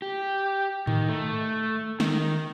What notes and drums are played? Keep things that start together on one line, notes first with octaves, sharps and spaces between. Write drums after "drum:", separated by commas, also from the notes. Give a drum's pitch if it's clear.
G4
D#3, drum: tom G#2
A3
D#3, drum: snare